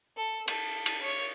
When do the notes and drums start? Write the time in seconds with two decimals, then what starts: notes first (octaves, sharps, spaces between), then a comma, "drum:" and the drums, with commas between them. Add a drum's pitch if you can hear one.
0.17 A4
0.48 A4, drum: cymbal
0.86 drum: cymbal
1.02 C#5